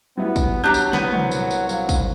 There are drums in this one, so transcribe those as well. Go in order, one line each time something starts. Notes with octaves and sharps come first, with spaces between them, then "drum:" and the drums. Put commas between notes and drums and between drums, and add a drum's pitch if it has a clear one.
F#3 G3 B3 E4
drum: kick, tambourine
F#3 D4 G4 A#5 G6
drum: tambourine
C2 B3, drum: snare
drum: tom
drum: tambourine
drum: tambourine
F#3 F5, drum: tambourine
drum: kick, tambourine